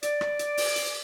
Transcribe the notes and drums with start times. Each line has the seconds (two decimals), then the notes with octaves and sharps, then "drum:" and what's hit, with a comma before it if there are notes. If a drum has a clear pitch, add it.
0.03 D5, drum: hi-hat
0.21 drum: rim click
0.39 drum: hi-hat
0.57 drum: open hi-hat
0.76 drum: hi-hat